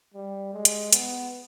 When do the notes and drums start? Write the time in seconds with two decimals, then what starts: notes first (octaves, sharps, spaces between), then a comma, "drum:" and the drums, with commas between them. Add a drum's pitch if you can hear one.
0.14 G3
0.53 G#3
0.65 drum: hi-hat
0.93 B3, drum: hi-hat